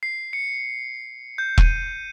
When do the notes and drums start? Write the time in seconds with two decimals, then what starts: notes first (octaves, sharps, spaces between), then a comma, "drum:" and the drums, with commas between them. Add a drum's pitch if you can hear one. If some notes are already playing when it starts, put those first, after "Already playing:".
0.03 C7
0.33 C#7
1.38 G6
1.58 D#7, drum: kick E1